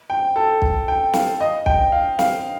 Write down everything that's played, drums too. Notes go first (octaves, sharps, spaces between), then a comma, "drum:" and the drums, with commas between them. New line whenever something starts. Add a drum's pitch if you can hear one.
G5
A4
A4, drum: kick
G5
F5, drum: snare
D#5
G5, drum: kick
F5
F5, drum: snare